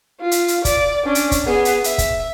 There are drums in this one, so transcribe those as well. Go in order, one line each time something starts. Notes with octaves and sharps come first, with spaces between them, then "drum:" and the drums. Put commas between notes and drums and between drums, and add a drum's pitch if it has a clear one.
F4
drum: hi-hat
drum: hi-hat
D5, drum: kick, hi-hat
C#4 D4
drum: hi-hat
drum: kick, hi-hat
B3 G#4
drum: hi-hat
E5, drum: hi-hat
drum: kick, hi-hat